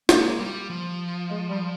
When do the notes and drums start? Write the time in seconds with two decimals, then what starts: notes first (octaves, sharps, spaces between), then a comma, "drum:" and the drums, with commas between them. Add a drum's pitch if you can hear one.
0.09 G#3 A#3, drum: snare
0.40 G3
0.70 F3
1.29 G#3
1.50 G3